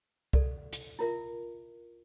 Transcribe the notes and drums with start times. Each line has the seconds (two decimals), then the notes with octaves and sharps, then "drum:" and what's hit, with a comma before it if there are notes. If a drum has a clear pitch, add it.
0.33 A4 D5, drum: kick C2
0.73 drum: hi-hat
0.99 E4 F4 A#4 E5